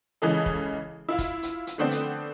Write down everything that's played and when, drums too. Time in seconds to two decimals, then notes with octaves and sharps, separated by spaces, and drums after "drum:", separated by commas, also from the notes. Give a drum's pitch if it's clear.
0.22 C#3 E3 G#3 G#4 A4
0.46 drum: kick
1.09 E4 F4
1.19 drum: kick, hi-hat
1.43 drum: hi-hat
1.67 drum: hi-hat
1.78 D3 A3 B3 C4 D4
1.91 drum: hi-hat